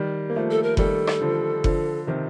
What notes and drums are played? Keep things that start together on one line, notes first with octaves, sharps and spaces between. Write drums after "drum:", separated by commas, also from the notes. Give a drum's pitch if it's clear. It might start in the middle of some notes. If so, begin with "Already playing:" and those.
Already playing: D#3 G3
A#3
F3 A3
A4
A#4
D#3 G3 A4, drum: kick F#1
drum: rim click
D3 F3
D3 F3, drum: kick F#1
C3 D#3